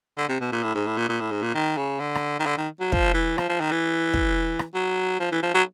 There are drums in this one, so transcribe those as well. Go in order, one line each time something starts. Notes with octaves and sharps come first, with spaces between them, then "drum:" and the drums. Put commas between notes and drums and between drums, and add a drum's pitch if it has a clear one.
D3
C3
B2
A#2
A2
G#2
A2
A#2
A#2
A2
G#2
A#2
D#3
C#3
D3
drum: rim click
D#3
D3
D#3
F#3
F3, drum: kick
E3
F3, drum: rim click
F3
D#3
E3
drum: kick
drum: rim click
F#3
F3
E3
F3
F#3